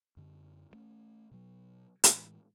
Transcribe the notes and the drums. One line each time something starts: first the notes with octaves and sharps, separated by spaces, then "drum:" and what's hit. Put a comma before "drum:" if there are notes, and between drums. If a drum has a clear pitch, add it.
F#2 D3
G2 A3 C#4
B2 F#3
A2 E3 G#3, drum: hi-hat